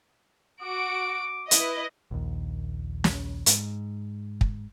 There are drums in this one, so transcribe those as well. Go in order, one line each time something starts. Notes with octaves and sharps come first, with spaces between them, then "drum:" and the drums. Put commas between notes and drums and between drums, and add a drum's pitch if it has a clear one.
F#4 D6 D7
E4 B4 D#5, drum: hi-hat
A#1 D#2
drum: snare
G#2, drum: hi-hat
drum: kick